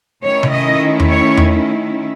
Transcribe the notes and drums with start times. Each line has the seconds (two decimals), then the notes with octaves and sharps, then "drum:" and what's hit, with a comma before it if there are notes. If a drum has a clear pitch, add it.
0.23 D#3 A3 C#4 E4 C#5
0.43 drum: tom C3
0.52 D#5
1.00 drum: tom E2
1.09 C#5
1.37 drum: tom E2